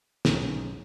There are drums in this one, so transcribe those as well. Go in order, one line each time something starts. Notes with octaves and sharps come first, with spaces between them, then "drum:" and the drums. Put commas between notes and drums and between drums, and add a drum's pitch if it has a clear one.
B1 G#2 C#3 G#4, drum: snare